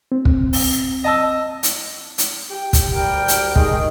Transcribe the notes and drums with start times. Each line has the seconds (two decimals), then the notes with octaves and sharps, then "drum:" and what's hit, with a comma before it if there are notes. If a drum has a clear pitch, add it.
0.12 C4
0.25 drum: kick
0.53 drum: open hi-hat
1.04 D#5 A5 E6
1.63 drum: hi-hat
2.18 drum: hi-hat
2.50 G4 G5
2.73 drum: kick, hi-hat
2.94 D2 G3 A#4 G5
3.28 drum: hi-hat
3.56 D#3 G#3 G#4, drum: kick